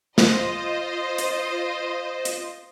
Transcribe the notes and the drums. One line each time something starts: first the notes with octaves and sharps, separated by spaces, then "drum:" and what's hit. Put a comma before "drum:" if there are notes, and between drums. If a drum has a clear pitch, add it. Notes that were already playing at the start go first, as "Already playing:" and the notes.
F4 C5 D#5, drum: snare
drum: hi-hat
drum: hi-hat